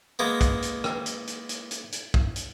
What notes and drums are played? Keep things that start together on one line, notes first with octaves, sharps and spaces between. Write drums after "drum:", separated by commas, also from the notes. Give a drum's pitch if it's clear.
G#3 A#3 B3
drum: kick, hi-hat
drum: hi-hat
drum: rim click
drum: hi-hat
drum: hi-hat
drum: hi-hat
drum: hi-hat
drum: hi-hat
drum: kick
drum: hi-hat